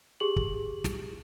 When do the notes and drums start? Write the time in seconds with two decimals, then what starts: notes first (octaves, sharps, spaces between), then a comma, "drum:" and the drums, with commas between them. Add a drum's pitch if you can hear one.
0.20 G4 G#4 F#7
0.36 drum: kick
0.84 drum: snare